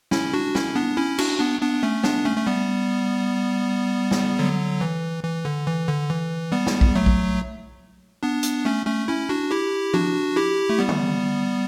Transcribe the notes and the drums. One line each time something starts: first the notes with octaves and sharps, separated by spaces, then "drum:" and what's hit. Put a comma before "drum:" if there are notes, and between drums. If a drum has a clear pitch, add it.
C#4 E4, drum: snare
D4 F#4
C#4 E4, drum: snare
B3 D4
C#4 E4
D4 F#4, drum: cymbal
B3 D4
B3 D4
A3 C#4
B3 D4, drum: snare
A3 C#4
A3
G3 B3
drum: snare
D3 F#3
E3
E3
D3
E3
D3
E3
G3 B3
drum: snare
drum: kick A#1
F#3 A3
drum: kick A#1
B3 D4
drum: hi-hat
A3 C#4
A3 C#4
C#4 E4
D4 F#4
E4 G4
D4 F#4, drum: tom F3
E4 G4
A3
G3 B3
drum: tom D3